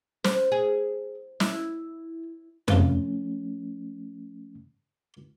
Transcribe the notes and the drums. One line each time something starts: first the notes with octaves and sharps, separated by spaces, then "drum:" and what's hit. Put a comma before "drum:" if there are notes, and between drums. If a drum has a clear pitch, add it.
C5, drum: snare
G#4
E4, drum: snare
C3 F3 A3 C#4 F4 B4, drum: tom F2